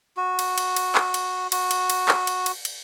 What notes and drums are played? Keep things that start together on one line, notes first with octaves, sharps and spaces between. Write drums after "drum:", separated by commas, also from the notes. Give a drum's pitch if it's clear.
F#4
drum: cymbal
drum: cymbal
drum: cymbal
drum: clap
drum: cymbal
F#4, drum: cymbal
drum: cymbal
drum: cymbal
drum: clap
drum: cymbal
drum: cymbal
drum: cymbal